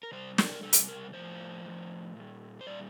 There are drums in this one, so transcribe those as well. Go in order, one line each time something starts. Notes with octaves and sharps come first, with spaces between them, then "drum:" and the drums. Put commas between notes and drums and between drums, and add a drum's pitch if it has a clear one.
A#4
C3 G3 C5
A#4, drum: snare
A#4
C3 G3 A4
drum: hi-hat
A#4
A2 F3 C5
A2 F3
A#2 G3
C5
A#2 G3 D5